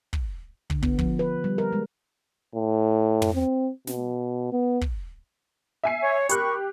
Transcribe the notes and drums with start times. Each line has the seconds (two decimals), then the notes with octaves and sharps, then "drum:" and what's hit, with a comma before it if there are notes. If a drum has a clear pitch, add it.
0.13 drum: kick
0.70 D3, drum: kick
0.82 B3, drum: kick
0.99 F3, drum: kick
1.19 B4
1.44 G3
1.58 A#4
1.73 G#3
2.55 A2
3.22 drum: tom
3.34 C4
3.87 B2, drum: snare
4.52 B3
4.81 drum: kick
5.84 E5 G#5 C7
6.03 C#5
6.29 G4 A#4 B5 C#6 F#6, drum: hi-hat